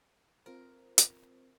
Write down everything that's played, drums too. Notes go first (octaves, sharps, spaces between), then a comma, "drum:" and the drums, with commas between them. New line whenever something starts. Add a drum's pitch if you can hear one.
C4 F4 A#4 C5
drum: hi-hat